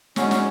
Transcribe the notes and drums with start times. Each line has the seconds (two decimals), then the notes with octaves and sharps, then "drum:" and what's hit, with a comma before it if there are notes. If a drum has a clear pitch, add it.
0.16 G#2 G#3 C#4 D4 F#4, drum: snare
0.31 C#4, drum: snare